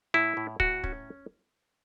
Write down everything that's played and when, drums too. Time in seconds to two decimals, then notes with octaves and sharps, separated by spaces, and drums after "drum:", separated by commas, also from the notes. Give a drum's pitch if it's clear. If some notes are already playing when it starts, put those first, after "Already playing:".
0.14 A2 E4
0.37 A2
0.60 A2 F#4, drum: kick
0.84 C#4, drum: kick